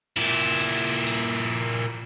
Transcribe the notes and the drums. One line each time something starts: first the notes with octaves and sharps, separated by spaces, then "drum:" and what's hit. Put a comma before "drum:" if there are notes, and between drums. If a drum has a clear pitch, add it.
A#2 E4, drum: cymbal
drum: tambourine